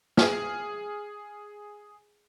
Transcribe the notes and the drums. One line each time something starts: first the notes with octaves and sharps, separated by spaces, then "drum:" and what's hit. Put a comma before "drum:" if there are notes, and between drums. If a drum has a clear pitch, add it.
G#4 F6, drum: snare